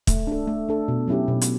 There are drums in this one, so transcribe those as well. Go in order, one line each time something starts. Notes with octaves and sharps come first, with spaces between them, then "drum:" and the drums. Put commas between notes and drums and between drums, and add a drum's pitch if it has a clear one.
A3, drum: kick, hi-hat
D4 A4
A3
D4 A4
B2
F#3 C#4 E4 G4
B2
drum: hi-hat